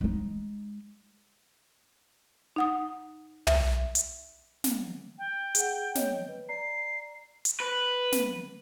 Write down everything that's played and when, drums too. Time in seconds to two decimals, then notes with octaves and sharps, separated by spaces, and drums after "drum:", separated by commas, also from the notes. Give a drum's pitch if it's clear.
0.01 G#3 D#4
2.56 D#4 F#5 D#6
3.47 E5, drum: tom
3.95 drum: hi-hat
4.64 drum: snare
5.18 G5
5.55 G#4 F#5, drum: hi-hat
5.95 C#5 D#5, drum: snare
6.29 B4
6.49 D5 A#5 C7
7.45 drum: hi-hat
7.60 B4
8.12 drum: snare